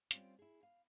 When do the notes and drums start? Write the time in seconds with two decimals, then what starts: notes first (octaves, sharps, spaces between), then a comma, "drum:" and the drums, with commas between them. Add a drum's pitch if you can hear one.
0.11 G3 C4 C#4 F4, drum: hi-hat
0.39 E4 G#4
0.63 F5